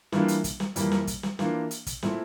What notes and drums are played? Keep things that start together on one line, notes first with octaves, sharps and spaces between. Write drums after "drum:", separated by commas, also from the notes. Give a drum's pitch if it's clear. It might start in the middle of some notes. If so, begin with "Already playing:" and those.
E3 G3 A#3 D4 F4, drum: snare
drum: hi-hat
drum: kick, hi-hat
drum: snare
F2 E3 G3 A#3, drum: hi-hat
drum: snare
drum: kick, hi-hat
drum: snare
E3 A#3 D4 F4, drum: snare
drum: hi-hat
drum: kick, hi-hat
A#2 A3 C4 E4, drum: snare